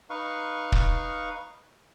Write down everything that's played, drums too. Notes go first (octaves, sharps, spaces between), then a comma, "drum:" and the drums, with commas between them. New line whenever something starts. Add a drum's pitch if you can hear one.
D#4 B4 F5 C#6
drum: kick